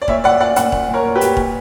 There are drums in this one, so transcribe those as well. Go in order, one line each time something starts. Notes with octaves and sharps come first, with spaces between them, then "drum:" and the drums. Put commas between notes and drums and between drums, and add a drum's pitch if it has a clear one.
D5
A#2 C#5 E5, drum: kick E1
A#2 D5 F#5
A#2 D5 F#5
A#2 D5 F#5, drum: hi-hat
A#2, drum: kick E1
A#2 A#4 C#5
A#2
G4 B4
A#2, drum: hi-hat
A#2, drum: kick E1